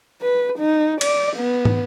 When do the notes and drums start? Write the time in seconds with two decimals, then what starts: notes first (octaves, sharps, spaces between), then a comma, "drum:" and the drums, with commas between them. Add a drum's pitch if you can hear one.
0.22 B4
0.59 D#4
1.01 D5, drum: cymbal
1.36 B3
1.65 drum: tom